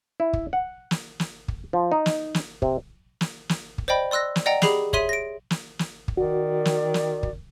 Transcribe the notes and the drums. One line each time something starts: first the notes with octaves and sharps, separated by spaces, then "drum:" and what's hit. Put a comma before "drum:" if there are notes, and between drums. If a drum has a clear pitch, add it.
E4
drum: kick
F#5
drum: snare
drum: snare
drum: kick
F3
D#4
drum: snare
drum: snare
C3, drum: kick
drum: snare
drum: snare
drum: kick
C5 D5 D#5 G5 B5
D5 C6 E6 F#6 A#6
drum: snare
D5 D#5 F#5 G5 A#5
G4 G#4 B5 C7 F7, drum: snare
G#4 C#5 E5 C6 B6 D#7, drum: kick
A#6 D7
drum: snare
drum: snare
drum: kick
D#3 F#4 D5
drum: snare
drum: snare
drum: kick